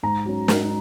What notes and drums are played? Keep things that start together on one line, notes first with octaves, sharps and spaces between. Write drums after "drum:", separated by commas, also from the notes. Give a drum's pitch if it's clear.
G#2 A#5
F#3 C#4
G#2, drum: snare